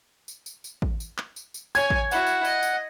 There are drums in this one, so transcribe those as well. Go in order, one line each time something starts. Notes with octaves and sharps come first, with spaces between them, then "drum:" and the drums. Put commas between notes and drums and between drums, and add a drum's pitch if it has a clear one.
drum: tambourine
drum: tambourine
drum: tambourine
drum: kick A1
drum: tambourine
drum: clap
drum: tambourine
drum: tambourine
C#5 G#5 G#6, drum: tambourine
drum: kick A1
E4 F#4 F#5, drum: tambourine
drum: tambourine
D#5, drum: tambourine
drum: tambourine